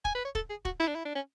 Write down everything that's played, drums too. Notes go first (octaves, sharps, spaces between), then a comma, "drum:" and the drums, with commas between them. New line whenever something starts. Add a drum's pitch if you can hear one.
G#5, drum: kick
B4
C#5
A4, drum: kick
G#4
F#4, drum: kick
E4
D4
E4
D4
C#4